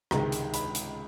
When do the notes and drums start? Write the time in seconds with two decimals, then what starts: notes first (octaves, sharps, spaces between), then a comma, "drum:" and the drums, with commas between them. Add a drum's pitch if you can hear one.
0.11 C#2 C3 D#3 G#3 A#5, drum: rim click
0.32 drum: hi-hat
0.54 B5, drum: hi-hat
0.75 drum: hi-hat